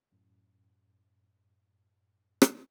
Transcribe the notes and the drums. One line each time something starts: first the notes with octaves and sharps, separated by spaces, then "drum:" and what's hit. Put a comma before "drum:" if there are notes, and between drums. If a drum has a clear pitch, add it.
F#2 A2
drum: rim click